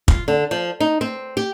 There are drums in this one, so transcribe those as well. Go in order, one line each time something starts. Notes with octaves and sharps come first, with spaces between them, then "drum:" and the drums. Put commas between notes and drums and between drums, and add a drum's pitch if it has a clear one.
F4, drum: kick
D3
F3
D#4
C4
G4